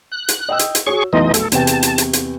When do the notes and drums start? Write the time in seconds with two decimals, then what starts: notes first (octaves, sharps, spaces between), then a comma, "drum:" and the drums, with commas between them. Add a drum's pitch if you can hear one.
0.12 F#6
0.28 drum: hi-hat
0.49 D#5 G5 E6
0.59 drum: hi-hat
0.75 drum: hi-hat
0.87 F#4 G#4 C#5 C#6
1.13 F1 B1 E3 D#4 D#5 C6
1.34 A4, drum: hi-hat
1.52 E2 C3 G5 A5, drum: hi-hat
1.67 drum: hi-hat
1.83 drum: hi-hat
1.98 drum: hi-hat
2.13 drum: hi-hat